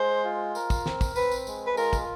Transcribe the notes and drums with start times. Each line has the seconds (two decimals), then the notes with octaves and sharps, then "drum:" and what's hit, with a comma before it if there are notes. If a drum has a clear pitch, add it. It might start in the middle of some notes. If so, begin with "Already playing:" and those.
Already playing: G#3 C5
0.24 F4
0.55 A#4, drum: tambourine
0.70 drum: kick, tambourine
0.86 C4, drum: snare
1.01 drum: kick, tambourine
1.16 C4 B4, drum: tambourine
1.31 drum: tambourine
1.47 G#3, drum: tambourine
1.67 B4
1.77 F4 A#4, drum: tambourine
1.93 drum: kick, tambourine